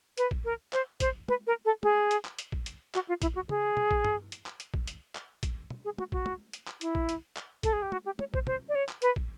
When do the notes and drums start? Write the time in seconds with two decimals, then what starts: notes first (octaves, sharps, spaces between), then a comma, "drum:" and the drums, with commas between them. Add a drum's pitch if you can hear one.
0.17 B4, drum: hi-hat
0.31 drum: kick
0.45 A#4
0.73 C5, drum: clap
1.00 C5, drum: kick, hi-hat
1.28 B4, drum: tom
1.47 A#4
1.65 A4
1.83 G#4, drum: tom
2.11 drum: hi-hat
2.25 drum: clap
2.39 drum: hi-hat
2.52 drum: kick
2.66 drum: hi-hat
2.94 F#4, drum: clap
3.08 F4
3.22 E4, drum: kick, hi-hat
3.35 F#4
3.49 G#4, drum: tom C#3
3.77 drum: tom
3.91 drum: kick
4.04 drum: tom G2
4.32 drum: hi-hat
4.46 drum: clap
4.60 drum: hi-hat
4.74 drum: kick
4.87 drum: hi-hat
5.15 drum: clap
5.43 drum: kick, hi-hat
5.70 drum: tom
5.85 G#4
5.98 F#4, drum: tom
6.12 F#4, drum: kick
6.26 drum: tom
6.53 drum: hi-hat
6.67 drum: clap
6.81 E4, drum: hi-hat
6.95 drum: kick
7.09 drum: hi-hat
7.36 drum: clap
7.63 A4, drum: kick, hi-hat
7.73 G#4
7.82 G4
7.92 F#4, drum: tom
8.06 G4
8.19 C#5, drum: tom
8.34 C5, drum: kick
8.47 C5, drum: tom
8.69 D5
8.75 C#5
8.89 drum: clap
9.02 B4, drum: hi-hat
9.16 drum: kick